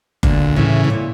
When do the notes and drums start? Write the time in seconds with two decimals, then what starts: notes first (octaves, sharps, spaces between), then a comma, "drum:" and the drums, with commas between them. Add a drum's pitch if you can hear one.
0.23 D2 A#2, drum: kick F#1
0.56 A2 C#3 E3
0.84 A2
0.90 A#2